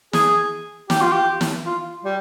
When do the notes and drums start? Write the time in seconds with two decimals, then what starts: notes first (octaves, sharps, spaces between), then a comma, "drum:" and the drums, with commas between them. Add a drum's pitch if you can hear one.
0.13 G#4, drum: snare
0.90 G4, drum: snare
1.01 F4
1.12 G4
1.41 drum: snare
1.65 F4
2.04 G3